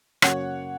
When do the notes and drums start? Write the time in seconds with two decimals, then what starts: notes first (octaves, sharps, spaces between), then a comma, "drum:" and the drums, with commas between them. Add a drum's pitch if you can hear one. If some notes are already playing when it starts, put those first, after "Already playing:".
0.22 F#2 C#3 A#3 F#4 C#5 F#5, drum: rim click